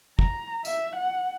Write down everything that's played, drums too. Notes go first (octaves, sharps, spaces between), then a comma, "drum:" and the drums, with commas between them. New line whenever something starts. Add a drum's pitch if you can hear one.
A#5, drum: kick
E5, drum: tambourine
F#5